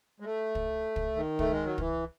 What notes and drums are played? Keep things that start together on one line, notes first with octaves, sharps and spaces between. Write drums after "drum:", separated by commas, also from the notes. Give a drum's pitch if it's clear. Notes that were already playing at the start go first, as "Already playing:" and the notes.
G#3
A3
drum: kick
drum: kick
D#3
A3, drum: kick
G#3
F#3
E3, drum: kick